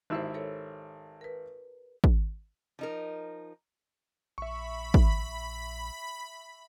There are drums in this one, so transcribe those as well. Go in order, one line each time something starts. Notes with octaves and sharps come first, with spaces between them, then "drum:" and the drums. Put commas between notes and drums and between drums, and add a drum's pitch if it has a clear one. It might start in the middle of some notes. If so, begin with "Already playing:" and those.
G#1 E4 G4 C5 E6
A4 A#4 C#5
A#4 B4
drum: kick
F3 D#4 A#4
A#1 E5 B5 C#6
drum: kick